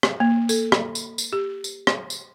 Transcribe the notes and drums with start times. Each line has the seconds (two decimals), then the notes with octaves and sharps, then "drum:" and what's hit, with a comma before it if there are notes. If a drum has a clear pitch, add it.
0.03 drum: rim click
0.20 A#3
0.49 A4, drum: tambourine
0.72 drum: rim click
0.95 drum: tambourine
1.18 drum: tambourine
1.33 G4
1.64 drum: tambourine
1.87 drum: rim click
2.10 drum: tambourine